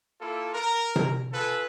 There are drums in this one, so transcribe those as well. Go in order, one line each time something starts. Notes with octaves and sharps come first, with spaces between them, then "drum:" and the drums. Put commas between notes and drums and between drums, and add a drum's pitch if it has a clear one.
A#3 E4 F4 A4
A#4
drum: tom C3
F4 G#4 A4 B4